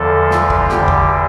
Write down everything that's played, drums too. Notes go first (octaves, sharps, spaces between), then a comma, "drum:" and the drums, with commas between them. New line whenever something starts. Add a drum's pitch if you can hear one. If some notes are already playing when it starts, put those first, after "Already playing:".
Already playing: E2 D3 F3 A4
F4, drum: snare
drum: kick
E2 D3 G3 G4, drum: snare
drum: kick